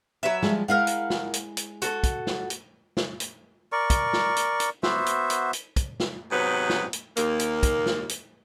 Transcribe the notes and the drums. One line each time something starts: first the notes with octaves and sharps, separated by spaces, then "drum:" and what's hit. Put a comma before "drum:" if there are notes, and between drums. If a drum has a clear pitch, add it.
F#3 B4 E5
F3 G3 G#3, drum: snare
G#3 E4 A#4 F5 F#5
drum: hi-hat
drum: snare
drum: hi-hat
drum: hi-hat
F#4 A4, drum: hi-hat
drum: kick, hi-hat
drum: snare
drum: hi-hat
drum: snare
drum: hi-hat
A#4 D5 C#6
drum: kick, hi-hat
drum: snare
drum: hi-hat
drum: hi-hat
B3 F#4 C5 E5, drum: snare
drum: hi-hat
drum: hi-hat
drum: hi-hat
drum: kick, hi-hat
drum: snare
G#2 C3 F#3 B3 B4
drum: snare
drum: hi-hat
D#2 A#3, drum: hi-hat
drum: hi-hat
drum: kick, hi-hat
drum: snare
drum: hi-hat